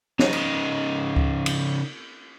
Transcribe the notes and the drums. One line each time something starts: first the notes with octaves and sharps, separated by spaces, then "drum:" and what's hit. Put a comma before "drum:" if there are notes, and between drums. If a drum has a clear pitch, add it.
C#3 D#4, drum: snare
drum: cymbal
drum: kick C#2
drum: cymbal